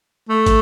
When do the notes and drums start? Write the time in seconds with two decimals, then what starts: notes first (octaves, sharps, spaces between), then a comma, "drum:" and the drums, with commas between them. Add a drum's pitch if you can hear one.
0.29 A3
0.46 drum: kick, hi-hat